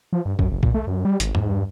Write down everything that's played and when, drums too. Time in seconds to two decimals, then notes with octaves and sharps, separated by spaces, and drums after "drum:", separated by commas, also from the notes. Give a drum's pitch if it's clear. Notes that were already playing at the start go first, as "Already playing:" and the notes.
0.13 F3
0.25 G2
0.39 F#2, drum: kick B1
0.51 F#1
0.63 A#2, drum: kick B1
0.74 A3
0.87 F#2
1.05 G3
1.20 G#1, drum: hi-hat
1.35 G#2, drum: tom E2
1.49 G2